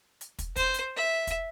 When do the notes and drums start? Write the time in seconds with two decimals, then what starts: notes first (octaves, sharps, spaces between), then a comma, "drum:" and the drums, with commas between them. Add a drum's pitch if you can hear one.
0.21 drum: hi-hat
0.39 drum: kick, hi-hat
0.56 C5, drum: kick, hi-hat
0.74 drum: hi-hat
0.97 E5
1.27 drum: kick, hi-hat